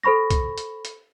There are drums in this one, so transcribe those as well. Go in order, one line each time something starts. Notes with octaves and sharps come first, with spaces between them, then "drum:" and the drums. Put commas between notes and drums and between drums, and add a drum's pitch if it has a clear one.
A4 C5 B5 C#6 A#6
drum: kick C2, hi-hat
drum: hi-hat
drum: hi-hat